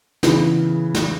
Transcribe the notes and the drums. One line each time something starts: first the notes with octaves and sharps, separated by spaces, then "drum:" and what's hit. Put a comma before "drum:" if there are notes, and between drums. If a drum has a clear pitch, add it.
C#3 E3 B3, drum: snare
drum: snare